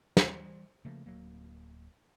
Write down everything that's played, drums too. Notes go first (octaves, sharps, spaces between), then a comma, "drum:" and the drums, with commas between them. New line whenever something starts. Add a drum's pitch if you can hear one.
E3 G3, drum: snare
C#3 F3 A3 A#3
D1 F#3 A#3